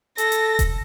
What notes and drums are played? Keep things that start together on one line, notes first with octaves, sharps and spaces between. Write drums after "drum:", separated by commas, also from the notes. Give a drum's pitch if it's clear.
A4 A#6, drum: hi-hat
drum: hi-hat
drum: kick E1, hi-hat